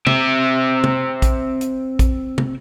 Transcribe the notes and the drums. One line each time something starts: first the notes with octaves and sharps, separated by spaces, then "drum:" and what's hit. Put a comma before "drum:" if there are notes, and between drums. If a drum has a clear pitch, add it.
C4 E5, drum: tom
drum: tom
drum: kick, hi-hat
drum: hi-hat
drum: kick, hi-hat
drum: tom